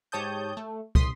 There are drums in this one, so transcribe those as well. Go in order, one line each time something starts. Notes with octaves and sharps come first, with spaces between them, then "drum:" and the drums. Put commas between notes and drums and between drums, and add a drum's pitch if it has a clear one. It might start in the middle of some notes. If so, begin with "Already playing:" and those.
G#2 G4 C#5 A5 D#6 G6
A3
C2 C6 D#6 B6, drum: kick